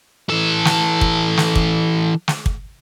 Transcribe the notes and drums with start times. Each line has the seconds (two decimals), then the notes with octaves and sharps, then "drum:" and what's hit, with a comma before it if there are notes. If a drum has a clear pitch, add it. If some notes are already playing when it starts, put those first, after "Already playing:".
0.29 E3 A4
0.65 drum: snare
1.01 drum: kick
1.37 drum: snare
1.55 drum: kick
2.28 drum: snare
2.46 drum: kick